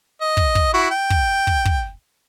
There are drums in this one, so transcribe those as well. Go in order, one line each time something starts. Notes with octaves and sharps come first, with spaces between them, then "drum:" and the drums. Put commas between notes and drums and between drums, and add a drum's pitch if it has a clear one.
D#5
drum: kick
drum: kick
E4 F#4
G5
drum: kick
drum: kick
drum: kick